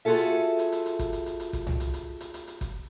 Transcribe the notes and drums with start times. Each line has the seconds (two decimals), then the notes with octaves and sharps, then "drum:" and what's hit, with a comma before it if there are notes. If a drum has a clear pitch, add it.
0.05 F4 F#4 G#4 A4 E5
0.18 drum: hi-hat
0.59 drum: hi-hat
0.72 drum: hi-hat
0.86 drum: hi-hat
0.99 drum: kick, hi-hat
1.13 drum: hi-hat
1.26 drum: hi-hat
1.40 drum: hi-hat
1.53 drum: kick, hi-hat
1.67 drum: tom C2
1.80 drum: hi-hat
1.94 drum: hi-hat
2.21 drum: hi-hat
2.34 drum: hi-hat
2.47 drum: hi-hat
2.61 drum: kick, hi-hat